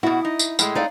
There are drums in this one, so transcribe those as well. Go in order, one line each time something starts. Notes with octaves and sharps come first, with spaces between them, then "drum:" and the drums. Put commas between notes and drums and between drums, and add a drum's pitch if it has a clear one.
B2 E4 F#4
D#4
drum: tambourine
A2 G#3, drum: tambourine
D#4 D5 F5